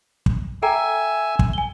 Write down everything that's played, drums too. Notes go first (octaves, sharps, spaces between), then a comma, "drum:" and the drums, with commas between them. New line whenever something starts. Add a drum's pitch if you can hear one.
drum: kick
A4 E5 G5 G#5 A#5
drum: kick
G#5 G7